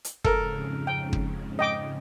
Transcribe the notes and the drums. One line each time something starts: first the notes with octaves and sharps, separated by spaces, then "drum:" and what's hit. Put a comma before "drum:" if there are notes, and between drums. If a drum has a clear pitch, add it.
drum: hi-hat
F2 G#2 C#3 A4 A#4, drum: kick
G5
drum: kick
D#5 G5 D6